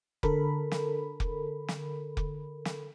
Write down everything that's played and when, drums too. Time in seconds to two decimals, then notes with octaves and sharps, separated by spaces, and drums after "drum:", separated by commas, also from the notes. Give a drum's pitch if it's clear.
0.23 D3 A4 A#4 B5, drum: kick F1
0.72 drum: snare
1.20 drum: kick F1
1.68 drum: snare
2.17 drum: kick F1
2.65 drum: snare